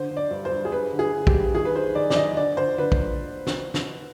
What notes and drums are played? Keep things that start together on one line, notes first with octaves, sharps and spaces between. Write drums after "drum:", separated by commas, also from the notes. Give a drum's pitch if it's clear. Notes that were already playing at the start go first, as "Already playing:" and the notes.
Already playing: D3 C5
D3
D5
G2
C5
G2
G#4
G2 B4
D3
G#4
D3
G4, drum: kick
G2
D#3 G#4
B4
D#3 C5
D#3 D5
D5, drum: snare
D#3 D#5
D3 D5
D3 C5
D3 B4
drum: kick
drum: snare
drum: snare